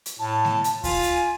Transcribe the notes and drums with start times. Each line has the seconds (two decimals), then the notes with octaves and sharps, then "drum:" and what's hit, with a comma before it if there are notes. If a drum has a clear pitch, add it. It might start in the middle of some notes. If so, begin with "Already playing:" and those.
0.06 drum: hi-hat
0.19 A2 A5
0.45 drum: snare G#3
0.64 drum: hi-hat
0.84 F4 G#5, drum: kick D2, open hi-hat
1.03 drum: hi-hat